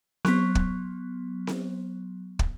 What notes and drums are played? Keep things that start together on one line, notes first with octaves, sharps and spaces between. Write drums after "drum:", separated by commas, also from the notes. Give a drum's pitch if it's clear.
F#3 B3, drum: snare C4
drum: kick
drum: snare C4
drum: kick